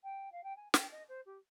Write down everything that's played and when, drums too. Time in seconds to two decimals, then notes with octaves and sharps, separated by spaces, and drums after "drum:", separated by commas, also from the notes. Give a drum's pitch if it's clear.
0.03 G5
0.32 F5
0.43 G5
0.56 G#5
0.74 G5, drum: snare
0.91 D#5
1.08 C5
1.26 G4